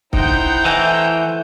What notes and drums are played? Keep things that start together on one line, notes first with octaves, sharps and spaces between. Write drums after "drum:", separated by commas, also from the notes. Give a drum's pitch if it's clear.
D#4 E4 C5 F#5 G5 A#5 G6, drum: kick C#1
E3 A3 D#5 G#5